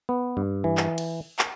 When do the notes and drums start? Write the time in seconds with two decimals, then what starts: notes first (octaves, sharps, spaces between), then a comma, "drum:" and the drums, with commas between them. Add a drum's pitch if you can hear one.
0.09 B3
0.37 G2
0.64 E3
0.77 drum: clap
0.98 drum: cymbal
1.39 drum: clap